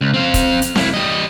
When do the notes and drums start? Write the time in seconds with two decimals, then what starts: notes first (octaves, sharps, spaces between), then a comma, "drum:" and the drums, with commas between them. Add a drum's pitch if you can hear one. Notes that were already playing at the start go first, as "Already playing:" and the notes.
0.01 C#2
0.14 C4 F5
0.34 drum: kick, hi-hat
0.62 drum: hi-hat
0.76 A#3 E4, drum: snare C4
0.94 G3 D#5